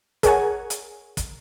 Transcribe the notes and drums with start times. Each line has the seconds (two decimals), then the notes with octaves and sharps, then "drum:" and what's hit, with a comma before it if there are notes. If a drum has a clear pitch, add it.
0.23 G#4 A#4 C#5 F#5 G#5, drum: kick, hi-hat
0.70 drum: hi-hat
1.17 drum: kick, hi-hat